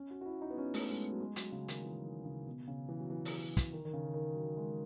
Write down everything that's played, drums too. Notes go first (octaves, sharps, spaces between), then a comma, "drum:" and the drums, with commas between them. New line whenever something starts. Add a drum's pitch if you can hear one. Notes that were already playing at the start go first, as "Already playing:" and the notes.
Already playing: C#4
F#4
F#4
E4
D#4
B3
C#4
A3, drum: open hi-hat
G#3
F#3
G#3
F#3, drum: hi-hat
C#3
D#3, drum: hi-hat
E3
D#3
C#3
B2
C#3
E3
F#3
E3
drum: open hi-hat
drum: kick, hi-hat
D#3
D#3
C#3
D#3
F#3
G#3